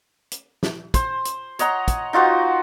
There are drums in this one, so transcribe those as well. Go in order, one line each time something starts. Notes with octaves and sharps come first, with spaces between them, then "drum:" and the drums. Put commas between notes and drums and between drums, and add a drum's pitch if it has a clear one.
drum: hi-hat
drum: snare
C5, drum: kick, hi-hat
drum: hi-hat
C#5 D#5 F#5 A#5, drum: hi-hat
drum: kick, hi-hat
D#4 F4 F#4 C5